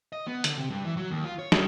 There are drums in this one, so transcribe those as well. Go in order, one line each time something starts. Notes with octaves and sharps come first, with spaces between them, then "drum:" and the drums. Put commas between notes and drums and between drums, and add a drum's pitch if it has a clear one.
D#5
B3
D3, drum: hi-hat
C3
G2
E3
F#3
D#2
F4
C#5
G#3, drum: snare